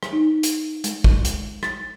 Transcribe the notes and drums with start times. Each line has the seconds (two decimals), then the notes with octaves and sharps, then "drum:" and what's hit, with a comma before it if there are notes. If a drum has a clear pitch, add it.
0.03 drum: rim click
0.13 D#4
0.43 drum: hi-hat
0.84 G#3, drum: hi-hat
1.04 drum: kick
1.25 drum: hi-hat
1.63 A6, drum: rim click